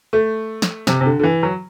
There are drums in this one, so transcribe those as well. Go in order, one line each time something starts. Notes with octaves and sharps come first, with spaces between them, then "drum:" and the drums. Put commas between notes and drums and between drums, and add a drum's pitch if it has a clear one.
A3
drum: snare
C3, drum: snare
C3
D3
D3
E3
F#3